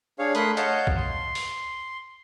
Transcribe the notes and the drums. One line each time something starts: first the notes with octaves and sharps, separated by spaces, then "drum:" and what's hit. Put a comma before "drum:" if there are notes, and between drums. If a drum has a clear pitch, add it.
D4 G#4 C#5 F5
A3 A#4 B5 C6 D#6 F#6, drum: hi-hat
C#5 D#5 F5 F#5 A5 G6, drum: hi-hat
drum: kick C2
C6
drum: open hi-hat